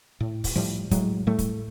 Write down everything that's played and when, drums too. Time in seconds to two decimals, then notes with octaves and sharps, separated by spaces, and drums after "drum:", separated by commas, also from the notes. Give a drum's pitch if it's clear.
0.20 A2
0.44 drum: kick, open hi-hat
0.56 A2 F3 G3
0.91 A2 F#3 G#3, drum: kick, hi-hat
1.27 A2 G3 A3
1.39 drum: kick, hi-hat